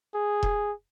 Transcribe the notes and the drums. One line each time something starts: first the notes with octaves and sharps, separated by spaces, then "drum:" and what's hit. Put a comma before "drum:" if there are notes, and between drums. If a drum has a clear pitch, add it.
G#4
drum: kick E1